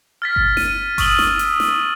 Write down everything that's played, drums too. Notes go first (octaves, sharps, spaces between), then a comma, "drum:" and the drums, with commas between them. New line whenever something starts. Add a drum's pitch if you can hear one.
F6 A6 B6
drum: kick G1
D#7, drum: snare
C#6 D#6 E6 F#7 G7, drum: kick G1, open hi-hat
drum: snare
drum: hi-hat
drum: snare